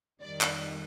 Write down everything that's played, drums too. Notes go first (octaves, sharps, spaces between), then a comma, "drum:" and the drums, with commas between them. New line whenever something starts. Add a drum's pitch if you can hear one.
F2 D#3 G3 D5
drum: clap